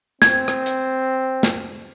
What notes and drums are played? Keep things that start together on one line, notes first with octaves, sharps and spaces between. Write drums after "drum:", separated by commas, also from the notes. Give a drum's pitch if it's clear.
C4 G#6, drum: snare
drum: rim click
drum: hi-hat
drum: snare